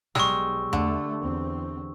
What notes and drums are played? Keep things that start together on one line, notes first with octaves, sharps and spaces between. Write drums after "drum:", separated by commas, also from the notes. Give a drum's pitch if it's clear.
B1 G3 G#3 C#6 E6, drum: snare
D3 A3, drum: tom E2
E2 C4